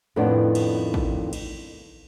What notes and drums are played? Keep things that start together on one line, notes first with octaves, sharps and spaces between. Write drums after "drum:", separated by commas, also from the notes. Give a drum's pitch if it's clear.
F2 A2 D#3 B3 D4
drum: cymbal
drum: kick
drum: cymbal